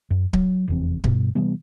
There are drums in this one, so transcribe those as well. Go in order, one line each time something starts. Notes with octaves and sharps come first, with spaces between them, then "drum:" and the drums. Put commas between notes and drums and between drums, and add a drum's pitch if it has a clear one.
F#2
F#3, drum: kick D1
F1 E2 C4
G2 B2 G3, drum: kick D1
C3 E3 G3 B3